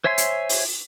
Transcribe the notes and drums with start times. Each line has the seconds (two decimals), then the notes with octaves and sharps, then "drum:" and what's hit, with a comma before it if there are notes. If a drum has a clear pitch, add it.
0.04 C5 C#5 E5 G#5 C6
0.18 drum: hi-hat
0.49 drum: open hi-hat